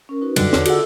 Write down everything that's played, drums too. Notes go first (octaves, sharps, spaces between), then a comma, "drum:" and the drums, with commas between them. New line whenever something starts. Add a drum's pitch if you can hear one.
C#4 A#4
D#4 F#4 B4
F#2 D3 F#3 G3, drum: cymbal
E2 C#5 C6, drum: snare
F4 F#4 G#4 F#5 E6, drum: cymbal